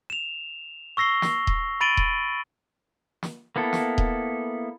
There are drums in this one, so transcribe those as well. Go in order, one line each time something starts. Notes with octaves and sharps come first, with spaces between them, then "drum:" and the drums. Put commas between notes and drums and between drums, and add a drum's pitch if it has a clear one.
E7 F7
C#6 E6 A#6 C7 G7
drum: snare
drum: kick D#1
B5 A6 D7 D#7 F#7 G7
drum: kick D#1
drum: snare
A#3 B3 E4 A4
drum: snare
drum: kick D#1